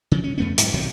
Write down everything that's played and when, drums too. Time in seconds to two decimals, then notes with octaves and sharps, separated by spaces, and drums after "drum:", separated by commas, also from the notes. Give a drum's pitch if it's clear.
0.12 C#3 F3
0.24 C#4
0.38 F2 A3 B3 C#4
0.58 G#2 F#3, drum: hi-hat
0.74 B1 C3 D#3 F#3